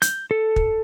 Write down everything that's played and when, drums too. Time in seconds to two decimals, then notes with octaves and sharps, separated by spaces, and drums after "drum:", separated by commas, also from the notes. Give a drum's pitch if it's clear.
0.02 G6, drum: hi-hat
0.31 A4
0.56 drum: kick